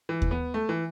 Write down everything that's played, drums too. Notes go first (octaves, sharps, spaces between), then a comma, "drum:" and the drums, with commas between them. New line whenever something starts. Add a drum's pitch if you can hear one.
E3
drum: kick D#2
B3
A3
E3